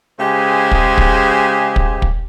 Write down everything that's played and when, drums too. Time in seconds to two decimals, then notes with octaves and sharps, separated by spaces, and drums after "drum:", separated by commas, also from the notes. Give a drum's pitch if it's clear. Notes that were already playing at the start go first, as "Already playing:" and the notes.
0.19 C#3 G#3 G4 C5 G#5
0.71 drum: kick
0.98 drum: kick
1.76 drum: kick
2.02 drum: kick